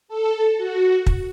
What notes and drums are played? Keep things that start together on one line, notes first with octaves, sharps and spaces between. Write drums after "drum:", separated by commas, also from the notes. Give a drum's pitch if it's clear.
A4
F#4
drum: kick